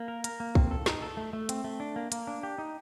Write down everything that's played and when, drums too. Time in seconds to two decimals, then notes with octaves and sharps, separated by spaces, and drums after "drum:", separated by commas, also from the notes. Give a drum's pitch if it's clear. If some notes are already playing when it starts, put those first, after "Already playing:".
Already playing: A#3
0.08 A#4
0.24 A#4, drum: hi-hat
0.40 A#3
0.55 C4, drum: kick
0.71 A4
0.86 D#4, drum: snare
1.02 A4
1.17 A3
1.33 A3
1.49 C4, drum: hi-hat
1.64 A3
1.80 D4
1.96 A#3
2.12 A#3, drum: hi-hat
2.27 D4
2.43 G4
2.58 D#4